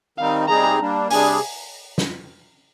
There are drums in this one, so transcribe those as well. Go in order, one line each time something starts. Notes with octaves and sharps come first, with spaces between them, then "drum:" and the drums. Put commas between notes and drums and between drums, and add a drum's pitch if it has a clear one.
D#3 G3 C4 D#4 F5
C3 G3 C4 D#4 G#4 A#5
G3 A#3 D4
C3 G3 D4 G#4 G#5, drum: open hi-hat
drum: snare